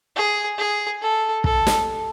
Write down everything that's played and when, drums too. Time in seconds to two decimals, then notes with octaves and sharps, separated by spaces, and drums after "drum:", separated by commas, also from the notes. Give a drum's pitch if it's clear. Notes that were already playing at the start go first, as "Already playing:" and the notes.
0.16 G#4
0.58 G#4
1.02 A4
1.44 A4, drum: kick
1.67 drum: snare